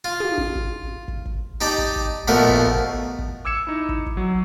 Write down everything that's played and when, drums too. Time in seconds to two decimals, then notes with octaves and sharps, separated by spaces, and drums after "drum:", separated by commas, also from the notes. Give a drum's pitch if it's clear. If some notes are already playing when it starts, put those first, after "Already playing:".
0.04 F4
0.20 drum: tom
0.38 drum: kick
0.55 drum: kick
1.08 drum: kick
1.26 drum: kick
1.61 D#4 G4 D5 A5
1.78 drum: kick
1.96 drum: kick
2.28 A#1 B2 F3 A3 A#4 F#5
2.48 drum: kick
2.66 drum: kick
3.19 drum: kick
3.45 D6 E6 G#6 C#7 E7
3.67 D#4 E4
3.89 drum: kick
4.06 drum: kick
4.17 F#3